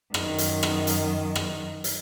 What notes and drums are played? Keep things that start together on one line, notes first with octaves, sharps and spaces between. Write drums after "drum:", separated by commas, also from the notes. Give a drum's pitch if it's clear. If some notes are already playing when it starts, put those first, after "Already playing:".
F#2 D#3, drum: rim click
drum: hi-hat
drum: rim click
drum: hi-hat
drum: rim click
drum: hi-hat